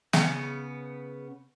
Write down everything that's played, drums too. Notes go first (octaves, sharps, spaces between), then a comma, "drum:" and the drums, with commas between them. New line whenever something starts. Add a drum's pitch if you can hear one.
C#3 B3, drum: snare